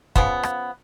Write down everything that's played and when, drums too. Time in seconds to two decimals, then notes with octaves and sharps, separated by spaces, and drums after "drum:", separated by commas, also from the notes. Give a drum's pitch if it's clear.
0.16 C#3 F3 B3, drum: kick
0.43 drum: rim click